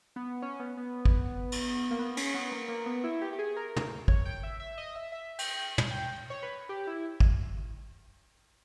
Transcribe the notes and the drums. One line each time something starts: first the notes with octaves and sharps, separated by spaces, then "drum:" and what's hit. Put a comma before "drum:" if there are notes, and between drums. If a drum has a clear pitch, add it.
B3
C#4
B3
B3
drum: kick
drum: cymbal
A#3
B3
C#4, drum: cymbal
B3
A#3
A#3
B3
E4
G4
G4
G#4
A#4
drum: tom
C#5, drum: kick
G5
E5
E5
D#5
E5
E5
G5, drum: cymbal
drum: tom
G5
C#5
B4
G4
E4
drum: kick